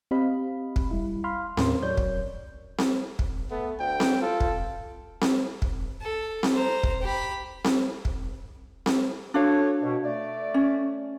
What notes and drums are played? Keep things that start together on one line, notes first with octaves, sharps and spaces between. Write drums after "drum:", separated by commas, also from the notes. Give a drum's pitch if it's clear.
C4 G4 D#5 F5 B5
drum: kick
G3 E4
F5 B5 C6 F6
D#2 A2 C#4 A#4 C6, drum: snare C4
F#3 C#5 D5 G6
drum: kick
drum: snare C4
drum: kick
A3 B3
D2 G5
drum: snare C4
F4 A4
drum: kick
drum: snare C4
drum: kick
A4
drum: snare C4
C5 A#5
drum: kick
G4 B5
drum: snare C4
drum: kick
drum: snare C4
D4 F#4 A4 C#5 F5
B2
A3 D5
C#4